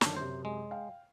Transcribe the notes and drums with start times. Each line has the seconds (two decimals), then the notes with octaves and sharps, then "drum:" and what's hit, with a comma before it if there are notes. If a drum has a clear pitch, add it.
0.01 F#2 D3 D#3 D4, drum: snare
0.17 F#2 C3 C5
0.45 G#3
0.71 F5 G5